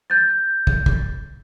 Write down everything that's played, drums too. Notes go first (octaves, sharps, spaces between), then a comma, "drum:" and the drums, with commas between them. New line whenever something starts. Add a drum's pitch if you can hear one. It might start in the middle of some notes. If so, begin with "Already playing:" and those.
G6 A6
drum: kick
drum: kick